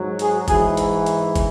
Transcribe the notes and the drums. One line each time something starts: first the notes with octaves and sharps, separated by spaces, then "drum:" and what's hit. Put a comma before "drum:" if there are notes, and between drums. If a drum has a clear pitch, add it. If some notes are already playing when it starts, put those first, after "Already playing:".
Already playing: G#2 F#3
G#4, drum: hi-hat
G#2 E3 G#4, drum: kick, hi-hat
drum: hi-hat
drum: hi-hat
drum: kick, hi-hat